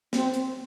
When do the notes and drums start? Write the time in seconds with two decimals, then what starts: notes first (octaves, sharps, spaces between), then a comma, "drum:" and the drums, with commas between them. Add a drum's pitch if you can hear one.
0.13 C4, drum: snare
0.34 drum: hi-hat